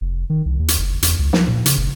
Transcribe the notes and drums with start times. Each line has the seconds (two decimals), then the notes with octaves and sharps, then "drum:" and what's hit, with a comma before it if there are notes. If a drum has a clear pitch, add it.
0.01 F1
0.30 D#3
0.45 C2
0.59 D#2
0.68 drum: hi-hat
0.79 F#1
1.02 E2, drum: hi-hat
1.19 C#2
1.33 F3, drum: snare
1.48 A#2
1.66 C#3, drum: hi-hat
1.77 F#1